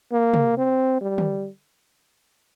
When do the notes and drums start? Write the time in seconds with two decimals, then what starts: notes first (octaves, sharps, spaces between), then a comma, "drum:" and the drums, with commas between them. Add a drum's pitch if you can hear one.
0.12 A#3
0.34 drum: tom C3
0.57 C4
1.01 G3
1.18 drum: tom D3